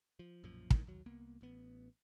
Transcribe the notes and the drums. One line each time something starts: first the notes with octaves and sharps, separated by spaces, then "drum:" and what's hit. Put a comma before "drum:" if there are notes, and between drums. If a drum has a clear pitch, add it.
F3
B1 F#2 A#2 F3
D#2 A2 D#3, drum: kick
D#2 F#3
C2 A#3 B3
A1 B3